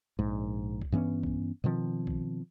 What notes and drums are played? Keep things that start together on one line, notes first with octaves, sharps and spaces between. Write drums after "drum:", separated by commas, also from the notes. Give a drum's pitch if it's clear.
A#1 G#2
drum: kick B1
G2 E3 B3 C#4
drum: kick B1
B2 D#3 F3 C4
drum: kick B1